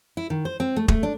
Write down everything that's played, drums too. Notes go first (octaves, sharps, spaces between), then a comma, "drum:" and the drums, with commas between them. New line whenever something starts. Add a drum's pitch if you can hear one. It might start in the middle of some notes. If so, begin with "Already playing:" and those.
E4
D#3
C5
C4
A3
A3, drum: kick
D4